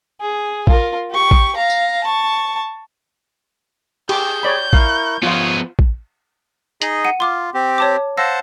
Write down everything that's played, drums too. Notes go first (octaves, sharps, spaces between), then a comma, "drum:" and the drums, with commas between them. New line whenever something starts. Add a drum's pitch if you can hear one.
G#4
F4 A#4, drum: kick A#1
G4 C#6
drum: kick A#1
F5 A#5
drum: tambourine
A5 C#6
G4 G#4 D6 G6, drum: cymbal
C#5 D5 B5
E4 A#4 F5 C#6, drum: kick A#1
F3 B3 F4 C#5 F5 D#6
drum: kick A#1
D#4 G#4 D#5, drum: hi-hat
F#5 C#7 D#7
F4 C6 D6 F6
C4 G4
C#5 A5 D6
C5 F5 F#5 A5 E6 A#6